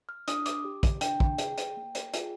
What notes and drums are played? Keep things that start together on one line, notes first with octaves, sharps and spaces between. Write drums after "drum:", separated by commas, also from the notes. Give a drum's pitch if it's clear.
F6
D4 D#6, drum: hi-hat
D6, drum: hi-hat
G4
drum: kick, hi-hat
D4 G5, drum: hi-hat
drum: kick
G#4, drum: hi-hat
drum: hi-hat
A#3
drum: hi-hat
F4 G#4, drum: hi-hat